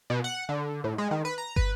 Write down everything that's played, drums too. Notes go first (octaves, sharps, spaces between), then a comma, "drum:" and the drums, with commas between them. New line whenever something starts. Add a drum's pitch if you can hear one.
B2
F#5
D3
A2
G#3
D#3
B4
A#5
B4, drum: kick